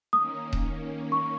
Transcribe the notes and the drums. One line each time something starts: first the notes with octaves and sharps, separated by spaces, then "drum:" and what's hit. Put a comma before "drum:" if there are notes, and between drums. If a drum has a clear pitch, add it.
D#3 A#3 C#4 D#6
drum: kick D#1
C#6